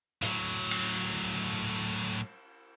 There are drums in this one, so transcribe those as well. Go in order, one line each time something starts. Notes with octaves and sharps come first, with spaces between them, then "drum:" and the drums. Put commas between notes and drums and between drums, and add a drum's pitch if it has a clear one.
A2 F#3, drum: hi-hat
drum: cymbal